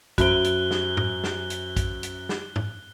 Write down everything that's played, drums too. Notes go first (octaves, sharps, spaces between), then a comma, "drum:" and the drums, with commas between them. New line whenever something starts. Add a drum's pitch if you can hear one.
F#2 F#4 C5 E5 F#6 D7 G7, drum: kick, hi-hat
drum: hi-hat
drum: snare
drum: tom G#2
drum: snare
drum: hi-hat
drum: kick, hi-hat
drum: hi-hat
drum: snare
drum: tom G#2